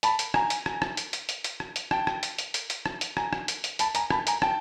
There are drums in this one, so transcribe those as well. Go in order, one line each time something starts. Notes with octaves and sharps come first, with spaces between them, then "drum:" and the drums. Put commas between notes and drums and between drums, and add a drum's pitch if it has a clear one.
A5 B5, drum: hi-hat
drum: hi-hat
G#5 A#5, drum: rim click
drum: hi-hat
drum: rim click
drum: rim click
drum: hi-hat
drum: hi-hat
drum: hi-hat
drum: hi-hat
drum: rim click
drum: hi-hat
G5 A5, drum: rim click
drum: rim click
drum: hi-hat
drum: hi-hat
drum: hi-hat
drum: hi-hat
drum: rim click
drum: hi-hat
G#5 A#5, drum: rim click
drum: rim click
drum: hi-hat
drum: hi-hat
A5 B5, drum: hi-hat
G#5 A#5, drum: hi-hat
A5 B5, drum: rim click
G#5 A#5, drum: hi-hat
G5 A5, drum: rim click